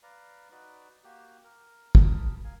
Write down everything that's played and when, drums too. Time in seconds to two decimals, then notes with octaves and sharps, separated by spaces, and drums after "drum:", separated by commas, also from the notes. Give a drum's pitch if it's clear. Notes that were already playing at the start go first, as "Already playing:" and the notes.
0.03 B4 D5 F5 A#5
0.51 D#4 F#4 B4 D5
1.04 A#3 F#4 G4
1.44 A#4
1.95 A#4 A5 B5 D#6, drum: kick
2.44 A#4 F5 G#5